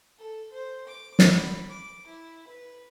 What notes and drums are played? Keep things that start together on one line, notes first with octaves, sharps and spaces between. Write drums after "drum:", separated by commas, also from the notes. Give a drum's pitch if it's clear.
A4
C5
D6
drum: snare
B5
D6
E4
B4